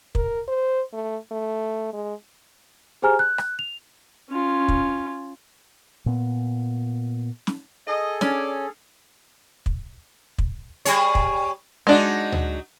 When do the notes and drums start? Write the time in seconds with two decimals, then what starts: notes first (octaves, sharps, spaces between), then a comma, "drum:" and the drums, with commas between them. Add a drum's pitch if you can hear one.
0.15 A#4, drum: kick
0.48 C5
0.93 A3
1.32 A3
1.93 G#3
3.02 G4 G#4 C5 G#5 A#5 F6
3.19 F#6
3.38 drum: rim click
3.59 F7
4.30 C#4 F4
4.68 drum: kick
6.06 A#2 B3
7.47 drum: snare
7.88 G#4 A4 D#5
8.21 C#4 D5, drum: snare
9.66 drum: kick
10.38 drum: kick
10.85 G3 G#4 C#5, drum: hi-hat
11.15 drum: kick
11.87 F#3 G#3 D4 D#4 F#4
12.32 drum: tom D2